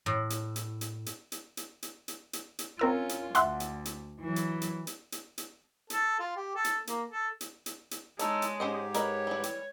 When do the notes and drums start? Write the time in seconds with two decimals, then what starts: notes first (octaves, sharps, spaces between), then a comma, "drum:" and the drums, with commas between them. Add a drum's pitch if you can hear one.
0.06 A2
0.30 drum: hi-hat
0.56 drum: hi-hat
0.81 drum: hi-hat
1.06 drum: hi-hat
1.32 drum: hi-hat
1.57 drum: hi-hat
1.83 drum: hi-hat
2.08 drum: hi-hat
2.33 drum: hi-hat
2.59 drum: hi-hat
2.79 C4 C#4 F4 A#4 E6
3.09 drum: hi-hat
3.35 D2 E5 F#5 C6, drum: hi-hat
3.60 drum: hi-hat
3.85 drum: hi-hat
4.20 E3 F#3
4.36 drum: hi-hat
4.62 drum: hi-hat
4.87 drum: hi-hat
5.12 drum: hi-hat
5.38 drum: hi-hat
5.90 A4, drum: hi-hat
6.19 F4
6.36 G4
6.55 A4
6.64 drum: hi-hat
6.87 A#3, drum: hi-hat
7.10 A4
7.41 drum: hi-hat
7.66 drum: hi-hat
7.91 drum: hi-hat
8.19 G#3 D4 D#4 A4 C#5, drum: hi-hat
8.42 drum: hi-hat
8.60 G#2 C#4 G4 C5 D#5
8.94 A#4 B4 C#5 D#5, drum: hi-hat
9.27 E3 G3
9.43 drum: hi-hat